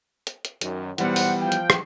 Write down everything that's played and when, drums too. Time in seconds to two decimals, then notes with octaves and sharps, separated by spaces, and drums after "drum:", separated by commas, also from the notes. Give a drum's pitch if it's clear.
0.27 drum: hi-hat
0.45 drum: hi-hat
0.61 F#2 D#3, drum: hi-hat
0.98 B1 E3 G3 B3 C5 F#5, drum: hi-hat
1.16 drum: open hi-hat
1.42 F3 F5 G5
1.52 drum: hi-hat
1.70 drum: rim click